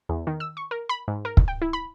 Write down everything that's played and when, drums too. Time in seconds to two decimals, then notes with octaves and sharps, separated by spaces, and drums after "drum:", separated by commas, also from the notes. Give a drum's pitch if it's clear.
0.09 E2
0.27 D#3
0.40 E6
0.57 C#6
0.71 A#4
0.89 B5
1.08 G#2
1.25 A#4
1.37 drum: kick
1.48 G5
1.62 E4
1.73 B5